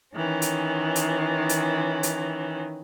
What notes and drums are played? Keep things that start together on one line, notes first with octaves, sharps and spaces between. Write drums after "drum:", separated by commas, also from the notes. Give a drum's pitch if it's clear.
D#3 E3 C#4
drum: hi-hat
drum: hi-hat
drum: hi-hat
drum: hi-hat